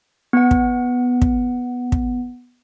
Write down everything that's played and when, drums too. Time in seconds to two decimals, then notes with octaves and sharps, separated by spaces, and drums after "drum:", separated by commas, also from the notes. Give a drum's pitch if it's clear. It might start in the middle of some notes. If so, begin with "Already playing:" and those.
0.33 B3 F#5
0.51 drum: kick
1.22 drum: kick
1.92 drum: kick